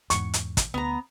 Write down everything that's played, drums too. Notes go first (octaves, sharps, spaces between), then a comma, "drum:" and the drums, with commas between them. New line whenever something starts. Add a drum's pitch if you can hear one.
E2 G#2 C#6, drum: hi-hat
drum: hi-hat
drum: kick, hi-hat
D2 B3 A#5